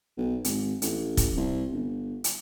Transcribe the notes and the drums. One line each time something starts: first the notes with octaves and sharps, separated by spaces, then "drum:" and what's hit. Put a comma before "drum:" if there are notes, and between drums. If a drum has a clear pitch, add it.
B1
G#1, drum: hi-hat
A1, drum: hi-hat
drum: kick, hi-hat
C2
G1
drum: hi-hat